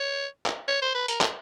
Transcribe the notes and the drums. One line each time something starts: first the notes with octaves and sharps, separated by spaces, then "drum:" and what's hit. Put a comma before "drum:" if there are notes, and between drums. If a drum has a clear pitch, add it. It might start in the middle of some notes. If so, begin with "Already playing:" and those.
Already playing: C#5
drum: clap
C#5
C5
B4
A#4, drum: hi-hat
A4, drum: clap